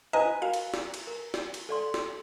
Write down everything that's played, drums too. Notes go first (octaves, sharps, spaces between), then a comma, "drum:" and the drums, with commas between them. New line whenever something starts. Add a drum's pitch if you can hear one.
B4 C5 D#5 G#5 A#5
F#4 A#4 F5
drum: cymbal
drum: snare
drum: cymbal
A#4
drum: snare
drum: cymbal
A4 D5 C6
drum: snare